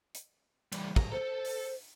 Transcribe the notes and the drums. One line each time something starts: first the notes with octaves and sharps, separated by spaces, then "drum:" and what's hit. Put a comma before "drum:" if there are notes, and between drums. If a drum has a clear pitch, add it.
drum: hi-hat
E3 G3, drum: cymbal
A#5, drum: kick
A4 C5
drum: open hi-hat